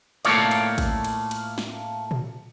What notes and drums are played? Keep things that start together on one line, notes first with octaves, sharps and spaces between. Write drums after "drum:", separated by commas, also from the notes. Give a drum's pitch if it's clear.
A2 A3 A#3 F4 C#5 D5, drum: cymbal
drum: cymbal
drum: kick, cymbal
drum: cymbal
drum: cymbal
drum: snare
drum: tom A#2